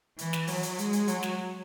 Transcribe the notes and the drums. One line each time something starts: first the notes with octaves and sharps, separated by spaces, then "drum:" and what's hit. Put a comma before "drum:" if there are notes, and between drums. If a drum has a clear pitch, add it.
E3, drum: hi-hat
drum: snare
F#3, drum: open hi-hat
drum: hi-hat
G#3, drum: hi-hat
drum: hi-hat
F#3, drum: hi-hat
drum: snare